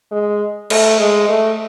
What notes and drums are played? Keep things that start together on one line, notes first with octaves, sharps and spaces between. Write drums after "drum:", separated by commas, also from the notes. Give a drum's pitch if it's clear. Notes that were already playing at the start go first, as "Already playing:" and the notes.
G#3
A3, drum: cymbal
G#3
A3